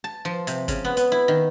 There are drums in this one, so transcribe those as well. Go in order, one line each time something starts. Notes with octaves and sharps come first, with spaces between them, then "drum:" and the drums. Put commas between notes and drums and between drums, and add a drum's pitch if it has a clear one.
A5
F3
C3, drum: hi-hat
C#3, drum: kick, hi-hat
B3
B3, drum: hi-hat
E4
D#3